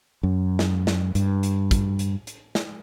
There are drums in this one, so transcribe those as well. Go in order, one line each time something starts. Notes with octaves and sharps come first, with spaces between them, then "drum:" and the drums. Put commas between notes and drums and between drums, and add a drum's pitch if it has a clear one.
F#2
drum: snare
drum: snare
G2, drum: hi-hat
drum: hi-hat
drum: kick, hi-hat
drum: hi-hat
drum: hi-hat
drum: snare